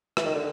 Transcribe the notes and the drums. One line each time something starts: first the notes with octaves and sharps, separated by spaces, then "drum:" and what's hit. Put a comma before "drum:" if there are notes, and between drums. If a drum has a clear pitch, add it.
E3, drum: rim click
D#3
D3